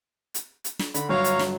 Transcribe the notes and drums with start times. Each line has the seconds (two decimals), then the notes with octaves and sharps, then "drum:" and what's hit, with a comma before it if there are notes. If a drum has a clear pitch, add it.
0.34 drum: hi-hat
0.64 drum: hi-hat
0.79 drum: snare
0.94 D3 B5, drum: hi-hat
1.09 G1 F#3 C#5 F5 A#5
1.24 drum: hi-hat
1.39 drum: snare